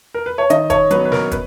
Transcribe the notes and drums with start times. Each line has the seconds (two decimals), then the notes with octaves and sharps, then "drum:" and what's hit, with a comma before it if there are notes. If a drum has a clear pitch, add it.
0.14 A#4
0.26 B4
0.38 C#5
0.50 D#3 D#5, drum: hi-hat
0.70 C#5, drum: kick, hi-hat
0.91 F#3 B3 B4, drum: hi-hat
1.05 B4
1.12 A#4, drum: snare
1.31 B4, drum: kick, hi-hat